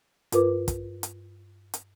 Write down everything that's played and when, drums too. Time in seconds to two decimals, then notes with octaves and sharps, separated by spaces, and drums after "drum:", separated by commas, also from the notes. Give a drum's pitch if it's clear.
0.32 G2 F4 A#4 B4 D6, drum: hi-hat
0.68 drum: kick, hi-hat
1.03 drum: hi-hat
1.74 drum: hi-hat